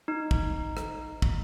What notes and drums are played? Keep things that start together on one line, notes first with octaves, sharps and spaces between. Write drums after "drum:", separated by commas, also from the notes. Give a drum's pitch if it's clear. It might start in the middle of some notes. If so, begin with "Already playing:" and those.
D#4
drum: kick
drum: rim click
drum: kick